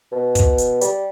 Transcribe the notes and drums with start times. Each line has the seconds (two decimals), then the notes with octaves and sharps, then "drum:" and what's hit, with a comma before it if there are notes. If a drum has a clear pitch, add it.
0.12 B2
0.35 drum: kick, hi-hat
0.58 drum: hi-hat
0.81 G3, drum: hi-hat